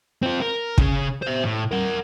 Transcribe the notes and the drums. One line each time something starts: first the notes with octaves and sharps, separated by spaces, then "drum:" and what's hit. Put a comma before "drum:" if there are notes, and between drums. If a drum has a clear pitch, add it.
C4 F4
A#4
C#3 G#4, drum: kick
C5 E5
A2
A#4 F#5